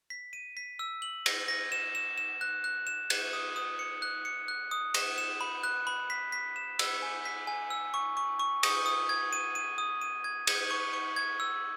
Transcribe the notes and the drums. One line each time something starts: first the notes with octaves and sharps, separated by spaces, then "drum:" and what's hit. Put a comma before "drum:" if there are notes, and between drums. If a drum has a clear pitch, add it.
B6
D#7
B6
E6
F#7
A#6, drum: cymbal
A#6
E7
E7
E7
F#6
F#6
E7
E7, drum: cymbal
D#6
D#6
C#7
F#6
C#7
F#6
D#6
E7, drum: cymbal
E7
B5
F#6
B5
B6
B6
E7
E6, drum: cymbal
G#5
B6
G#5
E6
C#6
C#6
C#6
D#6, drum: cymbal
D#6
G#6
D#7
D#7
D#6
D#7
G#6
G#6, drum: cymbal
C#6
C#6
G#6
E6